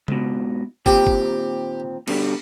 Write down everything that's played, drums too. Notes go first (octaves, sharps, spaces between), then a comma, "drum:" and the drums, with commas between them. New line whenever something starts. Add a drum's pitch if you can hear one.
G#2 B2, drum: tom C#3
D#2 A#2 C4 G4, drum: kick
drum: kick
B2 D3 G3, drum: cymbal